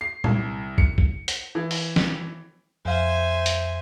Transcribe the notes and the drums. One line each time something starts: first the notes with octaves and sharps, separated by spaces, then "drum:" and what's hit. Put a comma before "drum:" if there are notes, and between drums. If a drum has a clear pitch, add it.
C7
C2, drum: tom A#2
C#7, drum: kick
drum: kick
drum: hi-hat
E3
drum: open hi-hat
drum: snare
F2 C5 E5 F5 G#5
drum: hi-hat